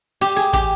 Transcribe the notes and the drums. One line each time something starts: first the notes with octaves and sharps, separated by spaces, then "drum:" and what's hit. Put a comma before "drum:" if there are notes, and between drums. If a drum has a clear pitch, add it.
G4, drum: cymbal
G#4
G4, drum: kick